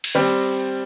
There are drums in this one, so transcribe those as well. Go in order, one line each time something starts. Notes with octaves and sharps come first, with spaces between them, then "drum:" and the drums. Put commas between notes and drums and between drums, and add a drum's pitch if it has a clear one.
drum: cymbal
G3 C4